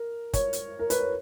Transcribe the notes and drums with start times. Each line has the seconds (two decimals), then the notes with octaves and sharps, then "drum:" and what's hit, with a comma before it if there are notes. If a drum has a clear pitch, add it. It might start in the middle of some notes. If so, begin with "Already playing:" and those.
Already playing: A#4
0.33 C#5, drum: kick, hi-hat
0.53 drum: hi-hat
0.79 A#4
0.90 B4, drum: hi-hat
1.00 C#5